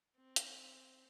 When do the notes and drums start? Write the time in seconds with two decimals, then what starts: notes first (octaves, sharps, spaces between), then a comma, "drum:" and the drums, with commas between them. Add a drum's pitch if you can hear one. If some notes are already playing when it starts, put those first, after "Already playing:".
0.17 C4
0.36 drum: hi-hat